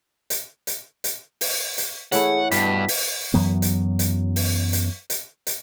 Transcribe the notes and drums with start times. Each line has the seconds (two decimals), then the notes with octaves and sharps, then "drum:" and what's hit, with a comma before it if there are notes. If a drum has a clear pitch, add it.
0.30 drum: hi-hat
0.67 drum: hi-hat
1.04 drum: hi-hat
1.41 drum: open hi-hat
1.78 drum: hi-hat
2.12 E3 A3 E4 G#4 C#5 F#5, drum: hi-hat
2.52 G2 B2 B6, drum: hi-hat
2.88 drum: open hi-hat
3.34 F#2 E3 F#3 B3
3.62 drum: hi-hat
3.99 drum: hi-hat
4.36 drum: open hi-hat
4.73 drum: hi-hat
5.10 drum: hi-hat
5.47 drum: hi-hat